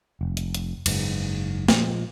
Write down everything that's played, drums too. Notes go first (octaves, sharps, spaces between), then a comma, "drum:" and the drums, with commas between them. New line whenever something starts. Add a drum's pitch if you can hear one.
F1
drum: hi-hat
drum: hi-hat
F#1 G#2, drum: cymbal
A#2 F3 G#3, drum: snare